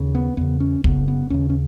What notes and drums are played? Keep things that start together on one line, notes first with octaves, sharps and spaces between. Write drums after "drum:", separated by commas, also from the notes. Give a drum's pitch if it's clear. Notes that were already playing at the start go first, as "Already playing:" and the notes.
Already playing: D#2 C#3
B3
E2 C#3 B3
C#4
F#2 C#3 B3, drum: kick
B3
D#2 C#3 C#4
C#4